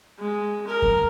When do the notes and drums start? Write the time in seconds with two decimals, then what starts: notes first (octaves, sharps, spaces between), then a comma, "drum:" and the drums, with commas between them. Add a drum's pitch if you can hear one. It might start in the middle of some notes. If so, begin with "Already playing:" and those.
0.19 G#3
0.67 A#4
0.82 drum: kick F2